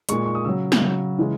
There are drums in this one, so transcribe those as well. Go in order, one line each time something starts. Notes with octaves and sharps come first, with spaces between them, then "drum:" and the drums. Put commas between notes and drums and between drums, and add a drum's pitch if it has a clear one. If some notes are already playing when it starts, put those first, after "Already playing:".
A#2 G#3 C#6, drum: hi-hat
C#6
D#6
C#3 F#3 E6
drum: snare
C#3 F#3
C#3 E3 G#3